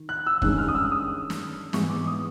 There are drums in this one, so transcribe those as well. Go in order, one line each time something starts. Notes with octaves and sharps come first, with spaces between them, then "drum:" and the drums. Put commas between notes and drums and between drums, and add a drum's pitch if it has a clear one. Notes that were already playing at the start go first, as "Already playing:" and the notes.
Already playing: D#3
F#6
E6
G2 D#3 G#3 C#4 F#6, drum: kick
F6
D#6
E6
D#6
drum: snare
G#2 E3 G#3 B3 E4 C#6, drum: snare
D6
D#6